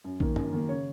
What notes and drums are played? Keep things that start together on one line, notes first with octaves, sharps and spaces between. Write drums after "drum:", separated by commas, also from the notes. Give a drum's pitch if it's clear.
F#2
D#3 A#3, drum: kick
F#2, drum: tom
D#3 A#3
C#3 C#5